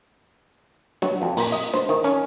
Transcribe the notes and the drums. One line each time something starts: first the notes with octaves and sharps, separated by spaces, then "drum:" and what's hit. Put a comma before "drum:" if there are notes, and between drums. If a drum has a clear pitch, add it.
F#3, drum: snare
F2
A#2, drum: open hi-hat
D#5
C5, drum: snare
D#3
C#4, drum: hi-hat